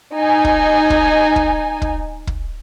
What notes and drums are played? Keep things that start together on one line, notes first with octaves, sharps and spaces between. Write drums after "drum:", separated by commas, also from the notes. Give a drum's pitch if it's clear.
D#4 G#5
drum: kick
drum: kick
drum: kick
drum: kick
drum: kick